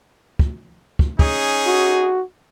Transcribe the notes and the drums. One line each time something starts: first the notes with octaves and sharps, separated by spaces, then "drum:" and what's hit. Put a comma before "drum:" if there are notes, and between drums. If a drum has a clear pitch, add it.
drum: kick
drum: kick
C#4 D#4 G#4, drum: kick
F#4